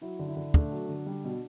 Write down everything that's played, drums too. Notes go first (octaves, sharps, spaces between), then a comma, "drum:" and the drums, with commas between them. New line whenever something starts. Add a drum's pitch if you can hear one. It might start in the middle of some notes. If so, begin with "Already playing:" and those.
F#3 E4
D3
E4
D3
A3 D4, drum: kick
F#3
D3
G3
B2